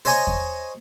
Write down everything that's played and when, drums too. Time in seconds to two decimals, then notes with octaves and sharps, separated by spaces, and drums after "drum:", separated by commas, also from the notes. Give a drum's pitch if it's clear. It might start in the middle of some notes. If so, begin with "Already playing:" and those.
0.05 C5 C#5 D#5 G#5 A#5 C#6
0.27 drum: kick E2